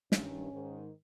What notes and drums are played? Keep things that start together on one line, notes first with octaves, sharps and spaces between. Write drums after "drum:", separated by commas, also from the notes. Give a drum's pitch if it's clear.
G2 D#3 C#4, drum: snare
G#2 D#3